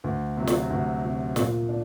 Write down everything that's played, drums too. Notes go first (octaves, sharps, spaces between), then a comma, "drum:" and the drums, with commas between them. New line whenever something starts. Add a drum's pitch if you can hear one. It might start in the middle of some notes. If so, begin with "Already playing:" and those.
D2
C3 F#3
drum: snare
D2
C3 F#3
A#2, drum: snare
D4